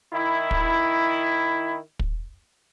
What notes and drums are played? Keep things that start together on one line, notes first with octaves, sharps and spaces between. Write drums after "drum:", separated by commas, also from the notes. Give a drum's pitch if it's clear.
D#3 E4
drum: kick
drum: kick